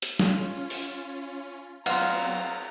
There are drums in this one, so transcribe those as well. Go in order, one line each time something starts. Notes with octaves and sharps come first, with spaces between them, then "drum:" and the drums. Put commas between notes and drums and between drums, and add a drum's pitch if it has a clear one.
drum: hi-hat
C#4 F4, drum: snare
drum: open hi-hat
F#3 B3 C4 F5 F#5 A#5 C6, drum: cymbal